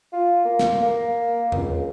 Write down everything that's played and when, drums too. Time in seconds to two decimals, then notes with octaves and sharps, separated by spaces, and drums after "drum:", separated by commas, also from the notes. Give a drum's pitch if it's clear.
0.13 F4
0.45 A#3
0.59 drum: snare
0.83 A#3
1.52 C#2, drum: tom E2